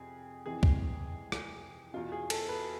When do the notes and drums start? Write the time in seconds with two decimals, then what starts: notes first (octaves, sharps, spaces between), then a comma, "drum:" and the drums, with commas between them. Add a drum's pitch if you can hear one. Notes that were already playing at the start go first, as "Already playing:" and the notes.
Already playing: F2 C3 G#4
0.46 F2 C3 E3 G#4
0.63 drum: kick C#2
1.32 drum: rim click
1.94 E2 B2 F4
2.12 G#4
2.30 A4, drum: cymbal
2.49 B4